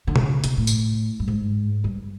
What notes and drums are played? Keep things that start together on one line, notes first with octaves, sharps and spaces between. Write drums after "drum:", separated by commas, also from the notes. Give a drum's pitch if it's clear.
D3
C#3, drum: tom B2
C3, drum: hi-hat
A2
drum: tambourine
G2
G#2
G2